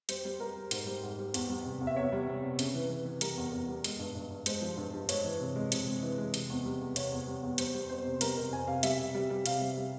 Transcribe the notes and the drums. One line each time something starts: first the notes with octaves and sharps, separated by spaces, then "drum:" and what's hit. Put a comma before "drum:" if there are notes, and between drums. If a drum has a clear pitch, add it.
G3 C5, drum: hi-hat
G3
G3 A#4
G3
G#2 C5, drum: hi-hat
G3
G#2
G3
E2, drum: hi-hat
G3
C3
E2
E5
E2 C#5
G3
C3
C3
C#3, drum: hi-hat
E3
E3
E3
G3 A#4, drum: hi-hat
E2
E2
G3
G#3, drum: hi-hat
G2
G2
G2
G#3 C5, drum: hi-hat
F3
G2
G2
G#3 C#5, drum: hi-hat
E3
C3
G#3
C3, drum: hi-hat
G#3
E3
G#3
C3, drum: hi-hat
E2
G3
E2
C3 C#5, drum: hi-hat
E2
G3
E2
G3 C5, drum: hi-hat
G3
F2 C5
C3
G3 A#4, drum: hi-hat
C3 A#4
F2 G#5
C3 F5
G3 E5, drum: hi-hat
C3
G3
G3
C3 F5, drum: hi-hat
G3
G3